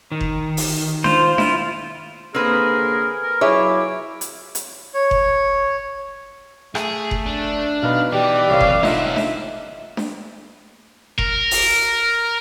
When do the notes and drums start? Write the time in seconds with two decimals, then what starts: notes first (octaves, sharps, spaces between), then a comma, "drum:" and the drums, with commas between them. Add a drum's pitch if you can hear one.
0.12 D#3
0.21 drum: kick F#1
0.57 drum: open hi-hat
1.04 F4 C5, drum: snare D4
1.38 E4 F4, drum: snare D4
2.35 D3 A#3 C4 G#4 A#4 B4
3.23 A#4
3.41 F#3 E4 F4 G#4 C#5 E5 D6
4.21 drum: hi-hat
4.55 drum: hi-hat
4.94 C#5
5.11 drum: kick F#1
6.75 A3 G#4, drum: rim click
7.11 drum: kick F#1
7.26 D4
7.83 B2 D#4 B4 F5
8.12 E3 G4 D5
8.50 C2 C#5 F5
8.61 drum: kick F#1
8.83 C#4 D#4 F4 A4 E5 F#5, drum: snare D4
9.16 drum: snare D4
9.97 drum: snare D4
11.19 A#4, drum: kick F#1
11.51 drum: open hi-hat